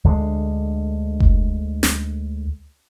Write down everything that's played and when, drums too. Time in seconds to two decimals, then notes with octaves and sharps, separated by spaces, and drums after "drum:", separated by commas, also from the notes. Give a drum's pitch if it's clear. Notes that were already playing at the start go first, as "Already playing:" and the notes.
0.04 D2 D3 F3 G#3
1.20 drum: kick F1
1.83 drum: snare